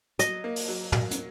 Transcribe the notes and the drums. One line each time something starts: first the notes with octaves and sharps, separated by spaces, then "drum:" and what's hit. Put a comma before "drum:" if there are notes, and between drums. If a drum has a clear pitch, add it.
F#3 D#5, drum: hi-hat
A#3
drum: open hi-hat
F#3
F#3, drum: tom
drum: hi-hat